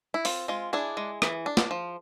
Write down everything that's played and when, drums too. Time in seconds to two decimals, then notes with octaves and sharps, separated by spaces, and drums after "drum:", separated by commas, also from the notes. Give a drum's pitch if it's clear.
0.14 E4
0.25 C4 F4, drum: open hi-hat
0.48 G#3 F4
0.73 D4 E4 G#4
0.97 G#3
1.22 E3, drum: rim click
1.46 D4
1.57 drum: snare
1.71 F3